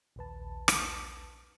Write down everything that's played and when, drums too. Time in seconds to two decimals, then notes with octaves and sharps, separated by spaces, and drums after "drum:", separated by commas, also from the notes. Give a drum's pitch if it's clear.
0.16 A#1 D#2 B4 A5
0.68 drum: rim click